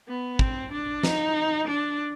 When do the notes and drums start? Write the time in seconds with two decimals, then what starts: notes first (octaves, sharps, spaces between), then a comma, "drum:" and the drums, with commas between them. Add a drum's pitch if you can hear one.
0.08 B3
0.39 C4, drum: kick
0.72 D4
1.03 D#4, drum: snare
1.68 D4